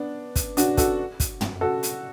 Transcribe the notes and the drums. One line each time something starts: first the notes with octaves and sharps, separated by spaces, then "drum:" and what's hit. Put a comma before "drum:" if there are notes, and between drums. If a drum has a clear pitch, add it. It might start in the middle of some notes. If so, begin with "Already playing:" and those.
Already playing: B3 D4
drum: kick, hi-hat
D4 F#4, drum: hi-hat
F#4 A4, drum: kick, hi-hat
drum: kick, hi-hat
drum: tom
F#4 A4
drum: hi-hat